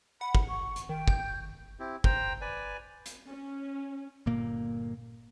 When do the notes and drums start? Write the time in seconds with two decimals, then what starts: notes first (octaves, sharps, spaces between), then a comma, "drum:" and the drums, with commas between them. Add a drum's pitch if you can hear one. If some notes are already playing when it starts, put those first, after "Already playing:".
0.21 F#5 B5
0.35 drum: kick
0.49 C#6
0.76 drum: hi-hat
0.89 D#3 G5
1.08 G6, drum: kick
1.79 C4 E4 G4
2.04 C5 G5 A#5, drum: kick
2.41 B4 D5 G#5
3.06 drum: hi-hat
3.28 C#4
4.26 G1 A#2 A#3